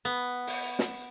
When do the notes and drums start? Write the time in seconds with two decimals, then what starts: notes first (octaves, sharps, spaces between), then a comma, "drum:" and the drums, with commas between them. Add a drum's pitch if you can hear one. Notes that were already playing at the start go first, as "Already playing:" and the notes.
0.05 B3
0.47 drum: open hi-hat
0.79 drum: snare